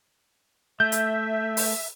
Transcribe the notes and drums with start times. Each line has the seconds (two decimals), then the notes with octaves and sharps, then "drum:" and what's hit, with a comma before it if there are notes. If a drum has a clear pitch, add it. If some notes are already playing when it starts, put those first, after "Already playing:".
0.80 A3 E5 G6
0.92 drum: hi-hat
1.57 drum: open hi-hat